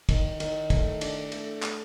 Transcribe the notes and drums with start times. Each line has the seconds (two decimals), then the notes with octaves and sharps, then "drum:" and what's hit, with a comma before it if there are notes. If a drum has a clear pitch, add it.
0.09 D#3, drum: kick, cymbal
0.40 D#3, drum: cymbal
0.70 A3, drum: kick, cymbal
1.01 D4, drum: cymbal
1.32 A3, drum: cymbal
1.62 A3, drum: clap